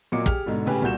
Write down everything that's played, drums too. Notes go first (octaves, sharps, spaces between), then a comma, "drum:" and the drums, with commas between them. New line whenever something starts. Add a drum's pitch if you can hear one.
A#2 F#3 A#3 D#5 D6 C#7
G4 G#4 F6, drum: kick
G#2 B2 D3
A2 C#3 G4 B4 G#5 B5
C2 A#2 F#4 G6 E7